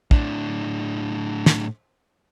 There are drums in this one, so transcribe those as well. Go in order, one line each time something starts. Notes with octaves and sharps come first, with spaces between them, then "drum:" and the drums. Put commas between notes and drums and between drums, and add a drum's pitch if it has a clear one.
A2 D4, drum: kick
drum: snare